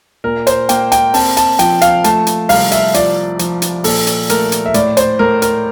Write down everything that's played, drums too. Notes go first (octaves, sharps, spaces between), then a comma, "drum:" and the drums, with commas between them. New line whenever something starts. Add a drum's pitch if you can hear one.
A#2 A#4
C5, drum: hi-hat
A#3 G5, drum: hi-hat
G5, drum: hi-hat
C4 A5, drum: open hi-hat
A5, drum: hi-hat
F3 G5, drum: hi-hat
F5, drum: hi-hat
A3 A5, drum: hi-hat
drum: hi-hat
C2 F5, drum: open hi-hat
E5, drum: hi-hat
F3 D5, drum: hi-hat
F3, drum: hi-hat
drum: hi-hat
A#2 A4, drum: open hi-hat
drum: hi-hat
A3 A#4, drum: hi-hat
drum: hi-hat
E5
A2 D5, drum: hi-hat
C5, drum: hi-hat
A2 A#4
A#4, drum: hi-hat